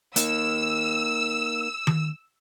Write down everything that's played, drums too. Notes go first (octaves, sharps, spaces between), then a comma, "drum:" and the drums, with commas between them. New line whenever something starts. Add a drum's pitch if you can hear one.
A#3 D#4 E6, drum: hi-hat
drum: tom D#3